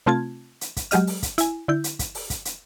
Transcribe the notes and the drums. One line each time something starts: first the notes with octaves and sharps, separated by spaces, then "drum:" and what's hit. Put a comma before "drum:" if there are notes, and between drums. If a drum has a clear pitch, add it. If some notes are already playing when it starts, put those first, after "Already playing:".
C3 A3 C4 F4 A5 G#6
drum: hi-hat
drum: kick, hi-hat
F#3 G#3 G4 D#5 F6, drum: hi-hat
drum: open hi-hat
drum: kick, hi-hat
E4 G#5, drum: hi-hat
D3 E4 G6
drum: hi-hat
drum: kick, hi-hat
drum: open hi-hat
drum: kick, hi-hat
drum: hi-hat